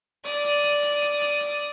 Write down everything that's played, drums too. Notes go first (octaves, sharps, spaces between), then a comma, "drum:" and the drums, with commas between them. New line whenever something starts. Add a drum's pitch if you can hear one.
D5 D#6, drum: hi-hat
drum: hi-hat
drum: hi-hat
drum: hi-hat
drum: hi-hat
drum: hi-hat
drum: hi-hat